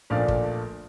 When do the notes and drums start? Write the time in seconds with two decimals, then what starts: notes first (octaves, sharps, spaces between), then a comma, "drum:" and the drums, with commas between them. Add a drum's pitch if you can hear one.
0.10 A#1 A#2 F3 A3 D4 D5 F5
0.28 drum: kick